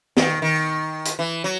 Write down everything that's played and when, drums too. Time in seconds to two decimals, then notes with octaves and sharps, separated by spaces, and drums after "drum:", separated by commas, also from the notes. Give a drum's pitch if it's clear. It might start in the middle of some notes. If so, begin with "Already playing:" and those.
0.17 D#3, drum: snare
0.42 D#3
1.05 drum: hi-hat
1.19 E3
1.44 F#3